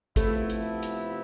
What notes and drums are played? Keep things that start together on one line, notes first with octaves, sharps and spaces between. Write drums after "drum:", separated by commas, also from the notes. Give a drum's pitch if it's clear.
C3 F3 A3 B3 E4, drum: kick, hi-hat
drum: hi-hat
drum: hi-hat